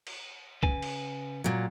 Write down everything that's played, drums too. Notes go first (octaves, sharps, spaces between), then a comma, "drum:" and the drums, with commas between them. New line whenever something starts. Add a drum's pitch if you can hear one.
drum: cymbal
C#3 B4 G#5, drum: kick C2
drum: cymbal
A#2 F#3